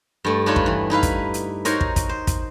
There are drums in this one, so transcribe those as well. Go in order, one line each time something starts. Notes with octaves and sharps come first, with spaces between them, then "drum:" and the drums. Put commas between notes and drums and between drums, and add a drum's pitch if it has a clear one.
G2 A3
D4 D#4 F4 B4 C#5
drum: kick
E3
D#4 E4 B4 F5
drum: kick, hi-hat
drum: hi-hat
D#4 F#4 A#4 C5 C#5, drum: hi-hat
drum: kick
drum: kick, hi-hat
C5
drum: kick, hi-hat